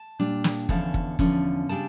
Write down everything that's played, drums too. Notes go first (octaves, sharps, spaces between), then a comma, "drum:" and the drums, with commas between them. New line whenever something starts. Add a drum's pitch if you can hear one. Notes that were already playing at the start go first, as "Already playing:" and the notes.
Already playing: A5
A#2 G3 D4
drum: snare
E2 D3 F3 C#4 A5, drum: kick F#1
drum: kick F#1
E2 D3 F3 C#4, drum: kick F#1
C#3 G3 D4 A5